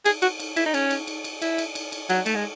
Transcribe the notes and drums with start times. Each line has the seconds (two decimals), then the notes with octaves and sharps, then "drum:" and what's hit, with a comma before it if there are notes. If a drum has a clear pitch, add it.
0.05 G#4, drum: cymbal
0.22 F#4, drum: cymbal
0.40 drum: cymbal
0.56 E4, drum: cymbal
0.66 D#4
0.74 C#4, drum: cymbal
0.90 drum: cymbal
1.07 drum: cymbal
1.24 drum: cymbal
1.42 E4, drum: cymbal
1.58 drum: cymbal
1.75 drum: cymbal
1.92 drum: cymbal
2.09 F#3, drum: cymbal
2.26 A3, drum: cymbal
2.35 G#3